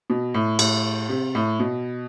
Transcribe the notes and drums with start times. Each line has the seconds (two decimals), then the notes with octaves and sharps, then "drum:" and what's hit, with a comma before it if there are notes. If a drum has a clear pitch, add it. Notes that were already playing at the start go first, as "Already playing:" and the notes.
0.10 B2
0.34 A2
0.59 A2, drum: cymbal
1.09 C3
1.35 A2
1.60 B2